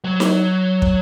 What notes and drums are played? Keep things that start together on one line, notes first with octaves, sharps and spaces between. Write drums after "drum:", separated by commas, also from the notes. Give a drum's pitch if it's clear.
F#3
drum: snare D#4
drum: kick